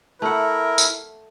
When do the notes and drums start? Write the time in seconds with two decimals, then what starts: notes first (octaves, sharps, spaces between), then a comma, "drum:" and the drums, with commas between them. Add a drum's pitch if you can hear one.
0.22 A3 E4 A#4 F#5
0.78 drum: tambourine